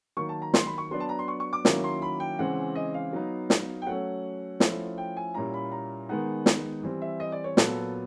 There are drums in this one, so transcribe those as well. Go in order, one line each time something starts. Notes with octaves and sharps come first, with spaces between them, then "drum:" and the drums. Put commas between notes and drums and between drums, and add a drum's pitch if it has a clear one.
D#3 F#3 A#3 C#6
A5
A#5
C6, drum: snare
B5
C#6
F#3 B3 D4 C6
A5
A#5
C6
C#6
C#6
D6
D#3 F#3 A#3 C#4 E4, drum: snare
C6
B5
G5
C#3 E3 G#3 C4 F#5
D#5
F5
F#3 B3 D#4
drum: snare
G5
F#3 A3 C#4 F#5
F3 A3 C#4 E4, drum: snare
G5
G#5
A#2 G3 A#3 C#4 E4 A#5
B5
A#5
D#3 G#3 B3 D#4 F#5
drum: snare
E3 G3 C4
E5
D#5
D5
C#5
A#2 F#3 B3 A4, drum: snare